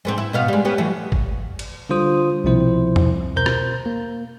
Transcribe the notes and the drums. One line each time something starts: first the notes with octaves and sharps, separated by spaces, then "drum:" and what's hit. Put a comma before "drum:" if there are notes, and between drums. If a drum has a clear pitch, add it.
G#2 B3 C4
E4
B2 B3 F5
G3 G#3
B3 C#4 G4
E3 F#3 A3
drum: kick
drum: cymbal
D3 G3 F4 C5 D#6
C2 B2 F3 C4 E4 C5
drum: tom E2
B2 A#4 C5 A#5 G6
drum: rim click
A#3